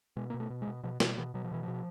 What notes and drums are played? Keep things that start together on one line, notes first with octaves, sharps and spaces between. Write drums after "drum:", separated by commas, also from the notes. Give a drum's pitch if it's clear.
B2 G#3
B2 A#3
A3
B2
G#3
B2
B2 F3
B2 E3, drum: snare
B2 E3
B2 F#3
F3
B2 E3
B2 F3